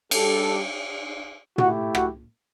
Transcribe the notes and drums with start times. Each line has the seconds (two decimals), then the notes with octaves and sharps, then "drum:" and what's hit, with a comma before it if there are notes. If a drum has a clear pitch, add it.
0.11 G3 D4 G4 A4, drum: cymbal
1.58 A3 E4 F#4 G4 F#5, drum: tom
1.95 F#4 F#5, drum: rim click